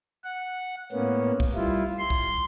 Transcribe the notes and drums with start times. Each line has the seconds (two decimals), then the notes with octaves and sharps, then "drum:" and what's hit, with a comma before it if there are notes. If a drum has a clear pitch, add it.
0.24 F#5
0.92 A2 A#3 B3 C#4
1.40 drum: kick B1
1.55 G3 E4 F4
1.99 C6
2.10 drum: kick B1